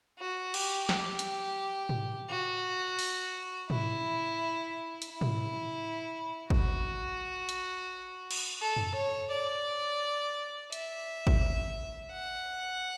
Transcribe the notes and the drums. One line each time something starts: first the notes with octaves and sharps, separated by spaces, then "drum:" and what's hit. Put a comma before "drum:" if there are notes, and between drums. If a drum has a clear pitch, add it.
F#4
G4, drum: cymbal
G4, drum: snare
drum: hi-hat
drum: tom
F#4
drum: open hi-hat
E4, drum: tom
drum: hi-hat
E4
drum: tom
F#4, drum: kick
drum: hi-hat
drum: cymbal
A4
drum: tom F2
C#5
D5
E5, drum: hi-hat
drum: kick
F#5